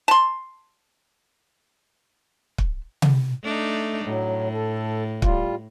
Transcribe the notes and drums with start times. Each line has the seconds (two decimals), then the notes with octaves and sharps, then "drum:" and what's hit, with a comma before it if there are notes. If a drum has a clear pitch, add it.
0.08 A5 C6
2.58 drum: kick
3.02 drum: tom C3
3.43 A3 D4 D#4
4.05 A2 F#3
4.52 A4
5.22 G3 F4, drum: kick